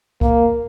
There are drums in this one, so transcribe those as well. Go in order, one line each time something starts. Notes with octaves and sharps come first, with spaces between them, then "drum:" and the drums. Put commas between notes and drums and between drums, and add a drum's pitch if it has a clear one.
A#3, drum: kick C2